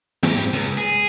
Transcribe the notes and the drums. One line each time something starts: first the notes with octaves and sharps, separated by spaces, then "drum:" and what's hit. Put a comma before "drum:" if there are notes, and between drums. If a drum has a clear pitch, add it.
G#2 G4, drum: snare
C#2
G#4